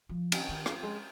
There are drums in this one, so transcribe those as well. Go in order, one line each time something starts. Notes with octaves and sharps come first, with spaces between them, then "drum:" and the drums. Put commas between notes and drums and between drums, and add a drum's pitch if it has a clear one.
F3
D#3, drum: cymbal
D#3
F3, drum: rim click
G#3